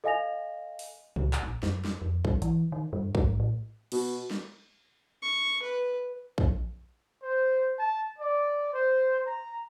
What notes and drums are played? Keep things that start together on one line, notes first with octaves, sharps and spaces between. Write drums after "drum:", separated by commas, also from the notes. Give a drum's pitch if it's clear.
A4 D#5 F5 G#5 A#6 F7
drum: open hi-hat
C#2, drum: tom
drum: clap
A#1
F#2, drum: snare
drum: snare
F2
G2, drum: kick
E3, drum: hi-hat
D#3
G2
G#2, drum: kick
A2
B2, drum: cymbal
drum: snare
C#6
B4
drum: kick
C5
A5
D5
C5
A#5